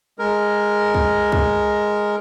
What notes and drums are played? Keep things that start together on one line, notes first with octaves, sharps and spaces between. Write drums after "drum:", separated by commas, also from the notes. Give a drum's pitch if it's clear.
G#3 A#4
drum: kick
drum: kick